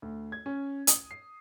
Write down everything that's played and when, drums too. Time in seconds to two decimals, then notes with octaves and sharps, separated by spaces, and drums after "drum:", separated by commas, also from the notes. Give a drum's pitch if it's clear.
0.02 D2
0.32 G#6
0.46 C#4
0.87 D#6, drum: hi-hat
1.11 C7